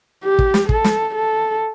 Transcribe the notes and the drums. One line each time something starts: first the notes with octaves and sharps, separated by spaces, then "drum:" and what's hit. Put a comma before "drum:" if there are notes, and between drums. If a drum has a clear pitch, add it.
G4
drum: kick
drum: snare
A4, drum: kick
drum: snare
A4